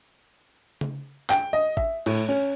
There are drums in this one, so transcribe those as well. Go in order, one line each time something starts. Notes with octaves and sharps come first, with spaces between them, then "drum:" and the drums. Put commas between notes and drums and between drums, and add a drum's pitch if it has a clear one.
drum: tom C#3
G5, drum: clap
D#5
E5, drum: kick G#1
A2, drum: cymbal
C#4